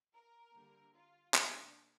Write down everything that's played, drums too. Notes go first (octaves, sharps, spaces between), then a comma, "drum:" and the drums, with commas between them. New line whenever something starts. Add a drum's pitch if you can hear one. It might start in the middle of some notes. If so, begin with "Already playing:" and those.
A#4
D3 G3 A#3
F4
C3 A#3 D4, drum: clap